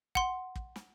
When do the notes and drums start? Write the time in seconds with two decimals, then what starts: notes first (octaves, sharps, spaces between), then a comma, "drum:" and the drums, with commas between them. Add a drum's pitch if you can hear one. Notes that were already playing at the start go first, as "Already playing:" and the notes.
0.15 F#5 C6, drum: kick
0.56 drum: kick
0.76 drum: snare